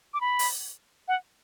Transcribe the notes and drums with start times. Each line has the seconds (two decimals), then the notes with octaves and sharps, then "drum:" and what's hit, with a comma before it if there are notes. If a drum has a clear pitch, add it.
0.14 D6
0.21 B5
0.39 drum: open hi-hat
1.08 F#5